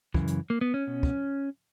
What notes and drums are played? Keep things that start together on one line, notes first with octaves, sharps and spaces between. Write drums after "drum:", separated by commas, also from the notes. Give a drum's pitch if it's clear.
F#2 C#3 E3, drum: kick
drum: hi-hat
A#3
B3
C#4
B2
drum: kick